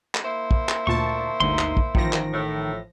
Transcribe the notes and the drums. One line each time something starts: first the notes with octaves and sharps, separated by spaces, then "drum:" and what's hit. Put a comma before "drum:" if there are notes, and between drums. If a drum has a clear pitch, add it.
drum: clap
A#3 E4 C5
drum: kick
drum: clap
D2 A#2 A5 C#6
G1 D2 D#4 C6
drum: clap
drum: kick
A1 D#3 F3 A#6, drum: kick
drum: clap
A2